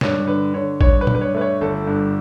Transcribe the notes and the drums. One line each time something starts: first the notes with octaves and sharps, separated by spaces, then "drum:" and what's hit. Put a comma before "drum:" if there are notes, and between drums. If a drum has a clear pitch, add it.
G2 C#5, drum: snare
D3 B4
D3 C#5
G2 C#5, drum: kick A1
B4
G2, drum: tom
B4
C#5
A3 B4
C#5
G1 A4
G2